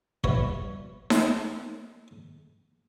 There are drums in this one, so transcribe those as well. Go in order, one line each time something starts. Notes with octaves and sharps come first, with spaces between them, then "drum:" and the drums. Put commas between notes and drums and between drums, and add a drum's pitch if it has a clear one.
G2 B2 E4 C#5, drum: kick
drum: snare D#4